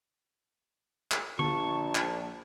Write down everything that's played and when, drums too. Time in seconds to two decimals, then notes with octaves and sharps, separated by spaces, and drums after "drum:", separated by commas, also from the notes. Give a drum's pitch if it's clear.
1.11 drum: clap
1.39 A#1 A5 C#6, drum: tom
1.95 drum: clap